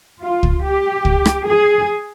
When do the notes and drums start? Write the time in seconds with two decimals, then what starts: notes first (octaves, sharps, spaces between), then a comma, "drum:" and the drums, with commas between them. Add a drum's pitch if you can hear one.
0.22 F4
0.43 drum: kick
0.64 G4
1.05 drum: kick
1.25 drum: rim click
1.47 G#4